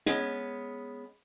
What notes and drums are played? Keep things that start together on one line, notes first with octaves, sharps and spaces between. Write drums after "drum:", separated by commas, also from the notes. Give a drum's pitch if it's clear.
G#3 B3 C#4, drum: hi-hat